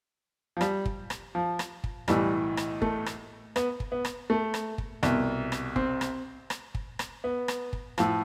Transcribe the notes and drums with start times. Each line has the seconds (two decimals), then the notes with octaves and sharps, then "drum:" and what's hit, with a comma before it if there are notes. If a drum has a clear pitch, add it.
0.57 F3
0.61 G3, drum: rim click
0.85 drum: kick
1.10 drum: rim click
1.35 F3
1.59 drum: rim click
1.84 drum: kick
2.08 B1 A2 E3 G3, drum: rim click
2.57 drum: rim click
2.82 A3, drum: kick
3.06 drum: rim click
3.56 B3, drum: rim click
3.80 drum: kick
3.92 B3
4.05 drum: rim click
4.30 A3
4.54 drum: rim click
4.78 drum: kick
5.03 C2 B2, drum: rim click
5.52 drum: rim click
5.76 C4, drum: kick
6.01 drum: rim click
6.50 drum: rim click
6.75 drum: kick
6.99 drum: rim click
7.24 B3
7.48 drum: rim click
7.73 drum: kick
7.98 A2 F3, drum: rim click